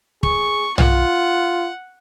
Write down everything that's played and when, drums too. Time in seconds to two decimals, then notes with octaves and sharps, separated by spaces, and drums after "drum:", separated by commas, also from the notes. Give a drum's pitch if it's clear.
0.23 G#4 C#6, drum: kick
0.78 F4 F#5, drum: tom B1